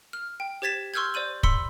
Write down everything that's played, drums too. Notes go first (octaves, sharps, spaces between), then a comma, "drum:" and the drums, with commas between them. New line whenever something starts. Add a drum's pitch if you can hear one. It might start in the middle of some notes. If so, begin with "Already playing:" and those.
F6
G5
G4 C5 G#6 A6 B6 E7
C6 C#6 E6 F6 G6 G#6
C5 D5 G6 D#7 F#7
B5 C6 E6 B6 C#7, drum: kick